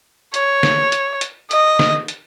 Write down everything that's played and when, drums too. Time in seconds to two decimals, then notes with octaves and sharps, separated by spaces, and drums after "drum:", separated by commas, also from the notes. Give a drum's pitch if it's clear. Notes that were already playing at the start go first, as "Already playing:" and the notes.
0.34 C#5, drum: hi-hat
0.63 drum: snare
0.92 drum: hi-hat
1.21 drum: hi-hat
1.51 D#5, drum: hi-hat
1.79 drum: snare
2.08 drum: hi-hat